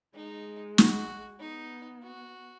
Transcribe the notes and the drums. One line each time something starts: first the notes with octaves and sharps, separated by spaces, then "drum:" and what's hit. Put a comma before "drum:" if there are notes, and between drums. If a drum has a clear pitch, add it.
G#3 D#4
F#4, drum: snare
B3 D#4
F#4